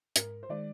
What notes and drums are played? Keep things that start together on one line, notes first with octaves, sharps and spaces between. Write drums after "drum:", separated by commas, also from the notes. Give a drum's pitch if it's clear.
G#2 A#4, drum: hi-hat
C5
D#3 G#3 D5